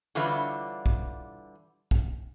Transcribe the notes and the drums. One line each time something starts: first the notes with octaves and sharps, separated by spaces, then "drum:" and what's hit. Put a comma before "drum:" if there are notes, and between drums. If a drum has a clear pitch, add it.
D3 E3 G3 F4 B4 C#5
drum: kick
drum: kick